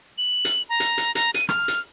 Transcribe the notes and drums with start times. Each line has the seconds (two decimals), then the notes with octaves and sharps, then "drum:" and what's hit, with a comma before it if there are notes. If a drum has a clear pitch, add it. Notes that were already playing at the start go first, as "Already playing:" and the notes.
0.18 F#7
0.45 drum: hi-hat
0.69 A#5
0.80 drum: hi-hat
0.98 drum: hi-hat
1.15 A#5, drum: hi-hat
1.34 D#7, drum: hi-hat
1.49 F6, drum: rim click
1.68 drum: hi-hat